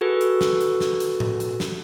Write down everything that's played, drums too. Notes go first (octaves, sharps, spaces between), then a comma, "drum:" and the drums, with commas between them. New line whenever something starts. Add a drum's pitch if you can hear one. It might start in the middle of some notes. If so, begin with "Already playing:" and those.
F#4 G#4 A4 B4
drum: hi-hat
drum: snare
drum: hi-hat
drum: snare
drum: hi-hat
drum: tom A2
drum: hi-hat
drum: snare